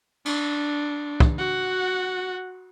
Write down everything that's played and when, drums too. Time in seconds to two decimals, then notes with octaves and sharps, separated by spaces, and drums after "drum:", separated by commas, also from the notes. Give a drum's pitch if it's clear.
0.26 D4, drum: cymbal
1.20 drum: kick
1.38 F#4 F#5